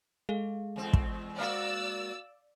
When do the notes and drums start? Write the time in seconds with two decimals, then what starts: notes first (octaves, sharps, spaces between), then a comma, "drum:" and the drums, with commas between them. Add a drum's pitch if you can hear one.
0.29 G#3 G#4 A4 F5
0.76 E2 C4
0.93 drum: kick
1.39 A#3 F#4 D5 F5 E6 F6 A6